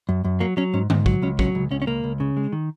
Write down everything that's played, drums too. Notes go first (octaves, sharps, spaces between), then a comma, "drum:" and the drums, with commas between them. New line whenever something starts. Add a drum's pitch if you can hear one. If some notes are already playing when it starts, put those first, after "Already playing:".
F#2
F#2
F#3 A#3
F#3 C#4
G#2 C#4
G#2, drum: tom D3
F#3, drum: kick
C#2 C#4
F#3 C#4, drum: kick
C#2
C#2 C#4
C#4
C#2 A#3
C#2
C#3
G#3
D#3